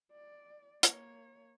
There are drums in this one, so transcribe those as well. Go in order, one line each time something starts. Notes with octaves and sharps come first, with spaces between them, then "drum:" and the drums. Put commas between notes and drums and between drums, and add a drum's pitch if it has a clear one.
D5
A#3 C#5, drum: hi-hat